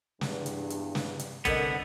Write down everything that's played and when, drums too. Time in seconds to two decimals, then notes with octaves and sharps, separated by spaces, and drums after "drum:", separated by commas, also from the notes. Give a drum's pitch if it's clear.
0.21 E2 G2, drum: snare
0.46 drum: hi-hat
0.70 drum: hi-hat
0.95 drum: snare
1.19 drum: hi-hat
1.45 C2 D3 B3 A4 A#4 D#5, drum: kick, hi-hat